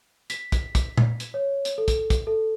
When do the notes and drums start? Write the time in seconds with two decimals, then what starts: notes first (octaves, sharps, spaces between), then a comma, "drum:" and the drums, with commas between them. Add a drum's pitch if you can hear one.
0.30 B6, drum: hi-hat
0.52 drum: kick, hi-hat
0.75 drum: kick, hi-hat
0.97 drum: tom A#2
1.20 drum: hi-hat
1.34 C#5
1.65 drum: hi-hat
1.78 A4
1.88 drum: kick, hi-hat
2.10 drum: kick, hi-hat
2.27 A4